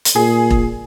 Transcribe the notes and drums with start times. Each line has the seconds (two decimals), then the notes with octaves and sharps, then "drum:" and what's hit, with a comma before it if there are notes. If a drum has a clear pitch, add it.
0.05 drum: hi-hat
0.16 A#2 G#4
0.50 drum: kick E1